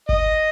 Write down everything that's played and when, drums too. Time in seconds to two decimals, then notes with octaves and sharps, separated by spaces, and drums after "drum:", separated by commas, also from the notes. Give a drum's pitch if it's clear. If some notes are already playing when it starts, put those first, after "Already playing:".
0.09 D#5, drum: kick G1